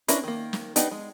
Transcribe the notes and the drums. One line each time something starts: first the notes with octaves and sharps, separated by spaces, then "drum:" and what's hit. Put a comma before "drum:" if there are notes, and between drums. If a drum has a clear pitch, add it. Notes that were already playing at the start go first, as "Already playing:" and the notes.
C#4 D4 E4 A#4 B4, drum: hi-hat
D#3 A#3
drum: snare
B3 D4 D#4 G4, drum: hi-hat
G#3